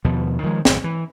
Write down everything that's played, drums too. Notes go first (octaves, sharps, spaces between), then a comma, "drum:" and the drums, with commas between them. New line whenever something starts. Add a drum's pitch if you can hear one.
D#2 B2 F3
D#3 F3 G#3
G#1 F#2 B2, drum: snare
E3